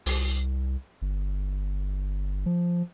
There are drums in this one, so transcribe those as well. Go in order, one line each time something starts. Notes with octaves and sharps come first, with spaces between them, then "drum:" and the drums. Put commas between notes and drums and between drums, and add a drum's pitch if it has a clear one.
C2, drum: open hi-hat
G1
F3